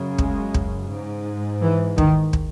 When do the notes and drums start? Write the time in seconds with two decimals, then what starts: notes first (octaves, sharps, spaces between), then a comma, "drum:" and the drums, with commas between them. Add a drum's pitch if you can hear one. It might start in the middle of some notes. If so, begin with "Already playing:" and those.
Already playing: F#2 C#3
0.18 G#3, drum: kick
0.54 drum: kick
0.90 G#2
1.62 E3
1.98 D#3, drum: kick
2.33 drum: kick